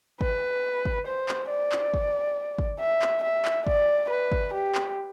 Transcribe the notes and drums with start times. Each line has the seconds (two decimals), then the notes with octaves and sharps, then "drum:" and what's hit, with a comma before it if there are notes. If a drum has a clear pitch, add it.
0.21 B4, drum: kick
0.85 drum: kick
1.06 C5
1.29 drum: clap
1.50 D5
1.72 drum: clap
1.94 drum: kick
2.59 drum: kick
2.80 E5
3.02 drum: clap
3.23 E5
3.45 drum: clap
3.67 D5, drum: kick
4.10 B4
4.32 drum: kick
4.54 G4
4.75 drum: clap